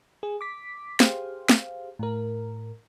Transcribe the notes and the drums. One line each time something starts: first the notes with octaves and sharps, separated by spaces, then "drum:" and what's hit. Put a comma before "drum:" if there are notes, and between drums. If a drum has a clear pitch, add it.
G#4
D6 B6
G4 G#4 C5 F5, drum: snare
drum: snare
A2 A#4